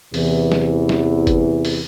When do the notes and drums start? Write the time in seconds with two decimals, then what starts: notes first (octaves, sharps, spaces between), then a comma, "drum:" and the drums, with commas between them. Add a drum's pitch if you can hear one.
0.14 E2 C3 E3, drum: open hi-hat
0.52 drum: snare
0.89 drum: snare
1.27 drum: kick F#1, hi-hat
1.65 drum: open hi-hat